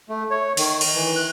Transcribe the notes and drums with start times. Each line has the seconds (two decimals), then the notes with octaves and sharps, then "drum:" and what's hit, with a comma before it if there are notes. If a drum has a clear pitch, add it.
0.09 A3
0.31 C#5
0.57 D#3, drum: open hi-hat
0.81 drum: cymbal
0.95 E3
1.16 F#6